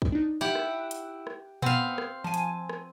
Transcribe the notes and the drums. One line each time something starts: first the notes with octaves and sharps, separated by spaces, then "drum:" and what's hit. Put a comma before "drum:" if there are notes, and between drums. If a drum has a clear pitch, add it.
drum: kick
D4 D#4
E4 G4 F#5
drum: rim click
drum: hi-hat
drum: rim click
B3 C4 F5, drum: tom A#2
drum: rim click
F3 G#5 A5
drum: hi-hat
drum: rim click